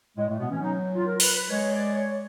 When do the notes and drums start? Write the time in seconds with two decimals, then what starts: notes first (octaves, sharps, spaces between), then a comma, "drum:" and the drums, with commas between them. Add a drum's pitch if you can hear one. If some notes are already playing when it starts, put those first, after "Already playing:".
0.17 A2 G#3
0.29 A2 A3
0.39 B2 B3
0.50 E3 C#4
0.61 F#3 D#4
0.95 F4
1.06 A#4
1.20 B4, drum: open hi-hat
1.34 B4
1.49 G#3 C#5
1.72 D5
1.93 C#5